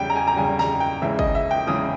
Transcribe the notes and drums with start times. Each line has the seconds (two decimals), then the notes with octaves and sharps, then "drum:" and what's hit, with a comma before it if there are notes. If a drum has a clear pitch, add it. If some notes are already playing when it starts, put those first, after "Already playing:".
Already playing: E2 C#3 G3 G5
0.10 A#5
0.16 G#5
0.27 A#5
0.36 E2 C#3 G3 G#5
0.59 A#5, drum: snare
0.80 G5
1.01 E2 C#3 E3 G#3 E5
1.19 D#5, drum: kick
1.35 E5
1.51 G5
1.67 E2 C#3 E3 G#3 D#6